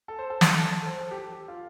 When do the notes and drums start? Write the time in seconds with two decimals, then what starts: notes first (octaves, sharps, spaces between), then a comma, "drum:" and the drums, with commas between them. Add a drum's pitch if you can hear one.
0.08 A4
0.19 C5
0.30 A4
0.41 drum: snare
0.81 A4
0.86 C5
1.01 A4
1.11 G4
1.17 A4
1.32 G4
1.48 F4